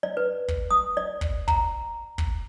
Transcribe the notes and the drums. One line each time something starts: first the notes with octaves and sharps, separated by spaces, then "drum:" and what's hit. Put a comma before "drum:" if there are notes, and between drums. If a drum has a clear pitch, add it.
D5
B4
drum: kick
D#6
D5
drum: kick
A#5, drum: kick
drum: kick